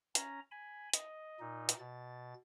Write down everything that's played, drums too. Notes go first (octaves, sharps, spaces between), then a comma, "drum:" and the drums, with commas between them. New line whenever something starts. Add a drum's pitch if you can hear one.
C#4 A#5, drum: hi-hat
G#5 B5
D#5, drum: hi-hat
A#2 D#4
drum: hi-hat
B2 A6